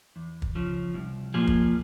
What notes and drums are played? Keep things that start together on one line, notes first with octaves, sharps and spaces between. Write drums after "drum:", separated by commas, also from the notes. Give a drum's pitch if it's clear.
E2
drum: kick
C#3 F3
C2
A#2 F3 G#4
drum: kick